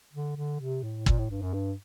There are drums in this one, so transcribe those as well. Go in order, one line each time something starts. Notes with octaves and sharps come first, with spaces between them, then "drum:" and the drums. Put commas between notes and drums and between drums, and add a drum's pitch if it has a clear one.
D3
D3
C3
A2
A#2, drum: kick
A2
G2
F#2
G2